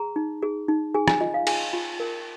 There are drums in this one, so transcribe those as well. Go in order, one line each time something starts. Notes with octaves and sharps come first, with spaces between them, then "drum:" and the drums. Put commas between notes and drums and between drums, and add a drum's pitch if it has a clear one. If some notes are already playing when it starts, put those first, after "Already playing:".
Already playing: G#4 A#5
D#4
G#4
D#4
G#4 G#5
G#5, drum: rim click
F4 D#5
F5
G#4 G#5, drum: cymbal
F4
A#4